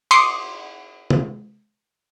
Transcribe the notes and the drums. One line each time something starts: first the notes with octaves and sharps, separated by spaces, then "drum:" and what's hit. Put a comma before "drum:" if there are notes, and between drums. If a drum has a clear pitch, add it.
C6 D6 D#6 C7 C#7, drum: cymbal
drum: tom C3